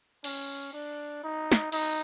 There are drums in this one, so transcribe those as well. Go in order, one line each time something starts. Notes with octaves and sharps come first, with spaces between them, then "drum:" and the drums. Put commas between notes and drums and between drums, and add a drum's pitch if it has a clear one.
C#4, drum: cymbal
D4
D#4
drum: snare
D#4, drum: cymbal